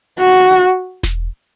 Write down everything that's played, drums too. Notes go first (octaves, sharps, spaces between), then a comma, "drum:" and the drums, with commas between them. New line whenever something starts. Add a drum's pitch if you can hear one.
F#4
drum: snare E1